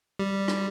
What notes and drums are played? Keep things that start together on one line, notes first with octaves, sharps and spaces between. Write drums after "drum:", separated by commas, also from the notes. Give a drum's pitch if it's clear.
G3
drum: rim click